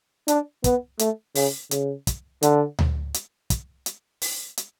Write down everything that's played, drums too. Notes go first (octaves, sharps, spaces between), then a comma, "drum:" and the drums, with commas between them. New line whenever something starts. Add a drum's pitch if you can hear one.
D4, drum: hi-hat
B3, drum: kick, hi-hat
A3, drum: hi-hat
C#3, drum: open hi-hat
C#3, drum: hi-hat
drum: kick, hi-hat
D3, drum: hi-hat
drum: tom D2
drum: hi-hat
drum: kick, hi-hat
drum: hi-hat
drum: open hi-hat
drum: hi-hat